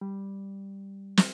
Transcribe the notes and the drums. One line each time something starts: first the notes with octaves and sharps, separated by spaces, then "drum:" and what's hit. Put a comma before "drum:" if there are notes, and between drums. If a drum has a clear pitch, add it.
G3
drum: snare